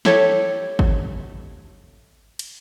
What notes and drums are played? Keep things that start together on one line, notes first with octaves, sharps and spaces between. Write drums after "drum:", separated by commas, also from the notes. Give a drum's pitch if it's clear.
E4 G4 A4 C#5, drum: snare
drum: kick G#1
drum: cymbal